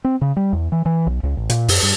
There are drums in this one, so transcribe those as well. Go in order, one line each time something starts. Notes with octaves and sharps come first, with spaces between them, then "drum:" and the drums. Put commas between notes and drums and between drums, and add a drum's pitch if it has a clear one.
C4
C#3
G3
E2
E3
E3
B1
C#2
A1
A#2, drum: hi-hat
F#2, drum: open hi-hat
G2